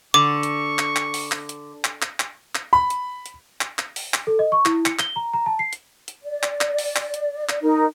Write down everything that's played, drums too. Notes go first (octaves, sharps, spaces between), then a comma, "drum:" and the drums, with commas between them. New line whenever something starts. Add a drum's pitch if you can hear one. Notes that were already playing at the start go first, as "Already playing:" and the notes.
D3 C#6 D6
drum: hi-hat
drum: clap
drum: clap
drum: open hi-hat
drum: clap
drum: hi-hat
drum: clap
drum: clap
drum: clap
drum: clap
B5
drum: hi-hat
drum: hi-hat
drum: clap
drum: clap
drum: open hi-hat
drum: clap
A4
D#5
C#6
E4, drum: clap
C#7, drum: clap
G7, drum: clap
A#5
A#5
A5
C7
drum: hi-hat
drum: hi-hat
D5
drum: clap
drum: clap
drum: open hi-hat
drum: clap
drum: hi-hat
drum: clap
D#4 A#4